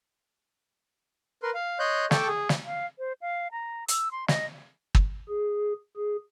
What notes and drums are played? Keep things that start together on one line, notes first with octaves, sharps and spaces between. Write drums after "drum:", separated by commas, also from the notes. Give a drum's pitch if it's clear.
A#4 B4 C6
F5
C#5 D#5 C6 F#6 G6
A4 G5 A5 C#6 D6, drum: snare
G#4
drum: snare
F5
C5
F5
A#5
E6, drum: hi-hat
C6
D#5, drum: snare
drum: kick
G#4
G#4